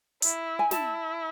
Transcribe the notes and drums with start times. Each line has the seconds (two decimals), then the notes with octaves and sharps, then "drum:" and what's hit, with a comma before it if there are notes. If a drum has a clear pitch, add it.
0.22 E4, drum: hi-hat
0.59 G#5
0.71 E4 A5, drum: snare